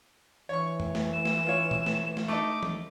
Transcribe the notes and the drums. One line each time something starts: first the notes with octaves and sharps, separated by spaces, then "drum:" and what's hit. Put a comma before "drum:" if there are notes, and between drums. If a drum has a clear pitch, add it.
E3 C#5 C#6
drum: tom F2
drum: snare
E7
drum: snare
F4 C#5
drum: tom A#2
drum: snare
drum: snare
A3 D#4 D6
drum: tom E3